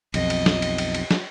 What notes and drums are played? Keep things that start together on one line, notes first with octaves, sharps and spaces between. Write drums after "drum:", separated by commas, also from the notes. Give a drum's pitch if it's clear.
B1 F2 D#5, drum: cymbal
drum: cymbal
drum: snare
drum: cymbal
drum: cymbal
drum: cymbal
drum: snare